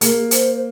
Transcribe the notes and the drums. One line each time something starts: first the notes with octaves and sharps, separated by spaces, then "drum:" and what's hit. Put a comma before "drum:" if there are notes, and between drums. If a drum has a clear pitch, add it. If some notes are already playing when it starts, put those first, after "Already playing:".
A#3 G#4, drum: hi-hat
C5, drum: hi-hat
C5